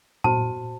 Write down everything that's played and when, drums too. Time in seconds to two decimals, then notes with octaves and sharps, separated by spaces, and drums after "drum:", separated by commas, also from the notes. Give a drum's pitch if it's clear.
0.24 F#4 C5 A5, drum: tom A#2